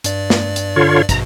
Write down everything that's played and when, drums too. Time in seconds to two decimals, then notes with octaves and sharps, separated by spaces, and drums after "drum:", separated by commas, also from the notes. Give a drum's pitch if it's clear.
0.04 G2 D5, drum: hi-hat
0.30 drum: snare
0.56 drum: hi-hat
0.76 D3 F4 C#5
1.09 A#1 G2 B2 A#5, drum: kick, hi-hat